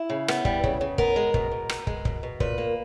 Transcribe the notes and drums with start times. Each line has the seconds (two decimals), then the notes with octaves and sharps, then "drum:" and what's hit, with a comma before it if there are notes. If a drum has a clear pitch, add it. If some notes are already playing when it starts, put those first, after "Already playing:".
Already playing: E4
0.10 C#3
0.28 B3, drum: rim click
0.45 G3, drum: kick
0.64 C#3, drum: kick
0.81 C#3
0.98 B3 A#4, drum: kick
1.16 G#3
1.34 B2, drum: kick
1.52 B2
1.69 B3, drum: rim click
1.87 G#3, drum: kick
2.05 B2, drum: kick
2.23 B2
2.40 A#2 B4, drum: kick
2.58 A#3